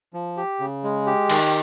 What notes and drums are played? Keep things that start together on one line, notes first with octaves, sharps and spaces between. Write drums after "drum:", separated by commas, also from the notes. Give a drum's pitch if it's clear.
F3
G4
C#3
G#3
G4
D#3, drum: cymbal